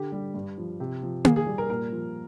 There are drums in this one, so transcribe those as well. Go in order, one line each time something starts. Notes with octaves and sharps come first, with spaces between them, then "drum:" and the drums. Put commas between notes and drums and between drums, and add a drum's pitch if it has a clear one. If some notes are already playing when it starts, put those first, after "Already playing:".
Already playing: D3 G4
G3
G2
F3
C3
F3
A#2 G#4, drum: tom A#3
G#4
G3
A#4
A#2 A#4
F3